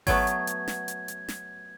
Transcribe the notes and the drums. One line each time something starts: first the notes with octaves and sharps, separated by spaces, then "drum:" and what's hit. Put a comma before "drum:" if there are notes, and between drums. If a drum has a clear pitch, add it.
F#3 A3 B3 G#6, drum: kick G#1, open hi-hat
drum: hi-hat
drum: hi-hat
drum: snare
drum: hi-hat
drum: hi-hat
drum: snare